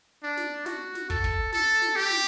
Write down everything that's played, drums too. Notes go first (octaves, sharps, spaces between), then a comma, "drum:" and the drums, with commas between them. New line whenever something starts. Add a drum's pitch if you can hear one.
D4
drum: snare
F#4, drum: snare
drum: snare
A4, drum: kick
drum: kick
A4, drum: snare
drum: snare
G4
drum: snare